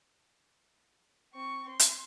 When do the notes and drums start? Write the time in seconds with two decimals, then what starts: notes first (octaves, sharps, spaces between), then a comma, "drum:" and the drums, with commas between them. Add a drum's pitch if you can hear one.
1.34 C4 C#6
1.69 C6
1.79 drum: hi-hat